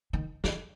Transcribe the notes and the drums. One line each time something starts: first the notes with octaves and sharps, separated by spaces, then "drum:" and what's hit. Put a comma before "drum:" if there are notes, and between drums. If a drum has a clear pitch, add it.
D#3
E3, drum: snare